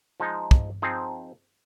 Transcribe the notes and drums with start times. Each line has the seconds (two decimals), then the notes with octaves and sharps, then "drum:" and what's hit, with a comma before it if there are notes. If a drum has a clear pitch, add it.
0.20 F3 G#3 D#4
0.51 drum: kick
0.82 F3 C4 D#4 G#4